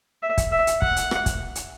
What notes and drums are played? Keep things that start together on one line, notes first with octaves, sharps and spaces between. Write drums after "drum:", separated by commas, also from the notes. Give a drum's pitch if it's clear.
E5
drum: kick, hi-hat
E5
drum: hi-hat
F#5, drum: kick
drum: hi-hat
drum: rim click
drum: kick, hi-hat
drum: hi-hat